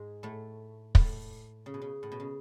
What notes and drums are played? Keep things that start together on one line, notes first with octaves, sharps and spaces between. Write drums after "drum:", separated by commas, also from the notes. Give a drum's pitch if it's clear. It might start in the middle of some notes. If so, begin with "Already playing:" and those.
Already playing: G#2 G#3
A2 A3
A2 A3, drum: kick
C#3
B2
C#3
A2
B2
C#3